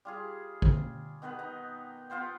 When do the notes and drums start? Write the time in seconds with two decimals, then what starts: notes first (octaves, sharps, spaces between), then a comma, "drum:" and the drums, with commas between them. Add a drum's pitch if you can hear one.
0.05 G3 F4 G#4
0.62 drum: kick
1.22 B2 D#3 B3 B4
1.39 D#4
2.10 B3 F4 C5 G5